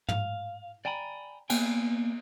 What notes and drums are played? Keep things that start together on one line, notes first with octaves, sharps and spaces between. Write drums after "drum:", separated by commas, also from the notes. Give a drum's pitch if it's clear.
F5, drum: tom
D5 G5 G#5 A#5 B5
A#3 B3 C#5 G5 G#5, drum: cymbal